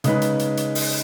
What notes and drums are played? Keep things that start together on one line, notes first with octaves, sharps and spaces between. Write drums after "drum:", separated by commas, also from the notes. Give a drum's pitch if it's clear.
C#3 G#3 D#4 B4, drum: hi-hat
drum: hi-hat
drum: hi-hat
drum: hi-hat
drum: open hi-hat